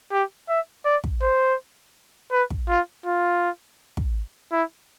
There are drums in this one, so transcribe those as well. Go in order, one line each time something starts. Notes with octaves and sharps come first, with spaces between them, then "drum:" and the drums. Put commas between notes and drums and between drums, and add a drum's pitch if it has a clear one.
G4
E5
D5
drum: kick
C5
B4
drum: kick
F4
F4
drum: kick
E4